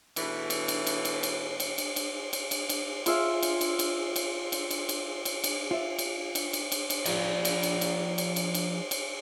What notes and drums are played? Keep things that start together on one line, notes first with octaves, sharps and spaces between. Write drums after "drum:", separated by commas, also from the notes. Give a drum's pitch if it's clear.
B2 E3 A3, drum: cymbal
drum: cymbal
drum: cymbal
drum: cymbal
drum: cymbal
drum: cymbal
drum: cymbal
drum: cymbal
drum: cymbal
drum: cymbal
drum: cymbal
drum: cymbal
F4 G#4 E5 F5, drum: cymbal
drum: cymbal
drum: cymbal
drum: cymbal
drum: cymbal
drum: cymbal
drum: cymbal
drum: cymbal
drum: cymbal
drum: cymbal
F4 E5
drum: cymbal
drum: cymbal
drum: cymbal
drum: cymbal
drum: cymbal
F3 F4 D5, drum: cymbal
drum: cymbal
drum: cymbal
drum: cymbal
drum: cymbal
drum: cymbal
drum: cymbal
drum: cymbal